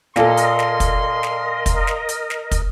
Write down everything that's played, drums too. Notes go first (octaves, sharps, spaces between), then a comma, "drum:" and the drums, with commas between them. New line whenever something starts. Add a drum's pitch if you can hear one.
A#2 A4 A#4 D5 D#5 F5 C6, drum: snare
drum: hi-hat
drum: snare
drum: kick, hi-hat
drum: snare
drum: kick, hi-hat
drum: snare
drum: hi-hat
drum: snare
drum: kick, hi-hat